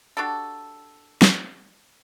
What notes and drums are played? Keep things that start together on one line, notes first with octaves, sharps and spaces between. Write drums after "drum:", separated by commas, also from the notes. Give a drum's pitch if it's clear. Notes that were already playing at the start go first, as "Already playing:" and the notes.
D4 F#4 G4 A4
drum: snare